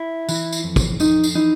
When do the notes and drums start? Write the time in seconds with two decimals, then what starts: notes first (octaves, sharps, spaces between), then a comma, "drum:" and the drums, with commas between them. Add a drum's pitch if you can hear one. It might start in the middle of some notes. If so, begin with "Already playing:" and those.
Already playing: E4
0.29 E3, drum: tambourine
0.52 drum: tambourine
0.64 F2
0.76 drum: kick, tambourine
1.00 F2 D#4, drum: tambourine
1.24 drum: tambourine
1.35 E3 D#4